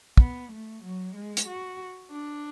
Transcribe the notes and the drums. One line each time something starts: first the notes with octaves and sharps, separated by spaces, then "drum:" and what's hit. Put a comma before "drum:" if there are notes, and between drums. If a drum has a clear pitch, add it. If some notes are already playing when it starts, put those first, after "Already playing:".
B3, drum: kick
A3
F#3
G#3
drum: hi-hat
F#4
D4